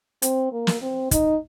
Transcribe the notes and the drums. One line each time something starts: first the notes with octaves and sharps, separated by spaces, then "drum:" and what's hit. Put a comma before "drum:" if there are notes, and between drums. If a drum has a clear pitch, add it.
C4, drum: hi-hat
A#3
drum: snare
C4
D#4, drum: kick, hi-hat